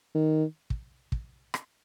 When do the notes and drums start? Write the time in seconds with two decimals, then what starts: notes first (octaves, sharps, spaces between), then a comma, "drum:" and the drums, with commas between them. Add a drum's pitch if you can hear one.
0.15 D#3
0.70 drum: kick
1.12 drum: kick
1.54 drum: rim click